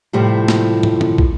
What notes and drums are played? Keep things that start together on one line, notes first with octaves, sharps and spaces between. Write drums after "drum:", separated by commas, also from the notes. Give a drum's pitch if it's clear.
A2 C3 F3 G3 A3
drum: snare
drum: tom
drum: tom D3
drum: kick